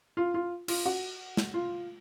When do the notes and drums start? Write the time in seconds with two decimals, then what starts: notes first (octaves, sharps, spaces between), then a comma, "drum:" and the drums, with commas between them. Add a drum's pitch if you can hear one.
0.17 F4
0.34 F4
0.68 F4, drum: cymbal
0.86 F#4
1.37 drum: snare
1.54 F4